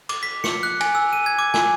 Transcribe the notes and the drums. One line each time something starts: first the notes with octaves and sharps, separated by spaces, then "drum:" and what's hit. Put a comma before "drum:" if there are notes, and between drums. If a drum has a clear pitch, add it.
D6, drum: cymbal
B6
C#7, drum: snare
F#6
G#5, drum: cymbal
E6
D#7
G#6
D6
G#5, drum: snare